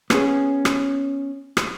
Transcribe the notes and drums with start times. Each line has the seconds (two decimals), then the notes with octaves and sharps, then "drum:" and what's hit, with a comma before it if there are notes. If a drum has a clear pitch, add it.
0.10 B3 C#4 G#4, drum: rim click
0.65 drum: rim click
1.57 drum: rim click